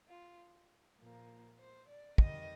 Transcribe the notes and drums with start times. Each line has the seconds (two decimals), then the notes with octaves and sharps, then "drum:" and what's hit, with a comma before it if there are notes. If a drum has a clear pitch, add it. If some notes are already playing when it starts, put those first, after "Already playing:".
0.09 F4
0.99 A#2 F3 A#3
1.59 C5
1.88 D5
2.18 F2 D#3 G3 D#5, drum: kick